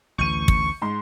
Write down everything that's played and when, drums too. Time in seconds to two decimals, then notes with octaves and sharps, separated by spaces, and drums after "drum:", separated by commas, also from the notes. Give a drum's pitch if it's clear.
0.18 A1 D2 E3 C#6 G6 D#7
0.48 drum: kick
0.82 G#2 C6